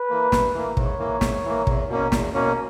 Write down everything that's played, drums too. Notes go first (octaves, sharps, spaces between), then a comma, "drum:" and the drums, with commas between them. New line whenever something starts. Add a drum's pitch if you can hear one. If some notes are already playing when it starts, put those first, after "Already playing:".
Already playing: B4
E3 A#3
G2, drum: snare
E3 A#3
G#2 C#5, drum: kick
E3 A#3
G#2, drum: snare
E3 A#3
E2, drum: kick
B2 A#3 C#4
E2, drum: snare
B2 A#3 C#4